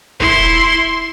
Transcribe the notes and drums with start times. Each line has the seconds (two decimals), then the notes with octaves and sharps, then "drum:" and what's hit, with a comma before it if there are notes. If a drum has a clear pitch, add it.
0.20 E4 C6, drum: kick